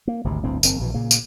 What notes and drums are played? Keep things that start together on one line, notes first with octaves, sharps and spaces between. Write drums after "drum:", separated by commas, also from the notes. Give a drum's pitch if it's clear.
A#3
G#1 D2 C3
G1 D2 A2 C4
F#1 D#3 C4, drum: tambourine
A#1 B2 E3
A#2 C#3 A#3
drum: tambourine